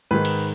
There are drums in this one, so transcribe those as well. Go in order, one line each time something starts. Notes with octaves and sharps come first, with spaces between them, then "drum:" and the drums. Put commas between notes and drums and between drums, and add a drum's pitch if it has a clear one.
G#2 D#3 G#3 B4
drum: cymbal